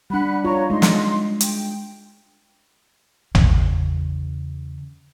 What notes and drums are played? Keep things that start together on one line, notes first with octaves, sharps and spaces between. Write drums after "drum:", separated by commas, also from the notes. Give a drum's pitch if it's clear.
G3 D4 F#5 B5 F#6
F4 C#5 A#5 C#6
G#3 D#4 C6
drum: snare
G5, drum: hi-hat
E2 C#3, drum: tom A1